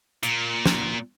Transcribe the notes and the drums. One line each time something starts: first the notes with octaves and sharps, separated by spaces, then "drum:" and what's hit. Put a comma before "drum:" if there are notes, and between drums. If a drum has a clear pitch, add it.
A#2, drum: hi-hat
drum: snare